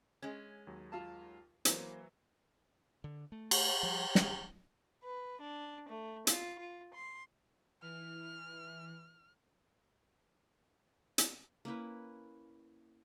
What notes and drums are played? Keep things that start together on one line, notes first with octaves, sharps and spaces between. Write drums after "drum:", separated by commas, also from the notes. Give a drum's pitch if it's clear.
G#3 C#4 G#5 G#6
D#2 F#3
F4 F5 A5
E3 F#3 A#3 C5, drum: hi-hat
D3
A3
drum: cymbal
F3 G3
drum: snare
B4
D4
A3
F4, drum: hi-hat
F4
C6
E3 F6
drum: hi-hat
A#3 C#4 E4 B4